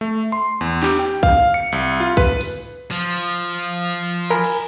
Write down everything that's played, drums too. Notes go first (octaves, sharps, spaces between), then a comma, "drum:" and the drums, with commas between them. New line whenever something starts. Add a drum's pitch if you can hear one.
A3
C6
E2
G4, drum: snare
G5
F5, drum: kick
C#7
C2, drum: hi-hat
F4
B4, drum: kick
drum: hi-hat
F3
drum: hi-hat
A#4 G#5 B5
drum: cymbal